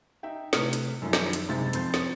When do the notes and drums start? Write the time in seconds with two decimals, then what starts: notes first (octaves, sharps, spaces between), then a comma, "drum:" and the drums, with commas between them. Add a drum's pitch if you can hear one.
0.23 D#4 E5 G5
0.53 A2 C3 B4 F6, drum: snare
0.73 drum: hi-hat
1.02 F#2 D#3 F3 G3 E4
1.13 drum: snare
1.33 drum: hi-hat
1.48 F#1 G#2 C3 G#3 A6
1.73 F2 C4 C5 G6 A6, drum: hi-hat
1.94 drum: snare